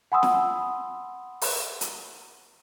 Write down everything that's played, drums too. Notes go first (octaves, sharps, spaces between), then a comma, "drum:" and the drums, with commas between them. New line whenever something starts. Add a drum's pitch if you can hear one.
F#5 G#5 B5 C6 D#6 E6
drum: snare
drum: open hi-hat
drum: hi-hat